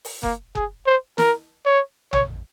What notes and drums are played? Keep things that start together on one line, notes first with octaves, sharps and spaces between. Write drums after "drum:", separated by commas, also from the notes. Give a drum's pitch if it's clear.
drum: open hi-hat
A#3, drum: kick F#1
G#4, drum: kick F#1
C5
A#4, drum: snare
C#5
C#5, drum: tom